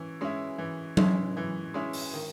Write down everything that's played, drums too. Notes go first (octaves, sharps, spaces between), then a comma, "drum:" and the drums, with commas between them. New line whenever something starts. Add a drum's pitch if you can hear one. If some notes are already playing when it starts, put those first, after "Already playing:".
Already playing: E3 C#4
G#3 C#4 E4
E3
G#3 C#4 E4, drum: tom F#3
E3
G#3 C#4 E4
drum: open hi-hat
D#3